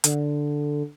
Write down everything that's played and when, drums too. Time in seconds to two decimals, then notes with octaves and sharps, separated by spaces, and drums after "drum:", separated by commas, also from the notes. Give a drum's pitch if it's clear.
0.04 D3, drum: hi-hat